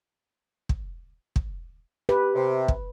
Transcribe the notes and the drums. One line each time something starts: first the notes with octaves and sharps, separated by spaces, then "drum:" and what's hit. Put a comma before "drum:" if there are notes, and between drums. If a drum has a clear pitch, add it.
drum: kick
drum: kick
G4 B4
C3
drum: kick